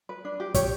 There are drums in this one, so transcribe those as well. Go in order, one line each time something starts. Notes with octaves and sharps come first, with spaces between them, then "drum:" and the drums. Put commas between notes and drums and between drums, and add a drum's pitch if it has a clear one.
B4
D4
G4
G4 C#5, drum: kick, hi-hat